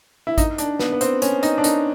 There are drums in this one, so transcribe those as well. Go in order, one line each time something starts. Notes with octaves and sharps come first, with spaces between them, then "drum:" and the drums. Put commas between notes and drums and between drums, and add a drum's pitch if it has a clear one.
E4
D#4, drum: kick A1, hi-hat
D4, drum: hi-hat
B3, drum: snare
B3
C4, drum: hi-hat
C#4, drum: hi-hat
D#4, drum: hi-hat
D4
D#4, drum: hi-hat